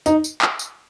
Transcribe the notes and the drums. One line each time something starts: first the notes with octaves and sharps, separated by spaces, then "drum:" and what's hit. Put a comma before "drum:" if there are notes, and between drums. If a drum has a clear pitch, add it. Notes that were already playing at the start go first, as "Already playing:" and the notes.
D#4, drum: tambourine
drum: tambourine
drum: clap
drum: tambourine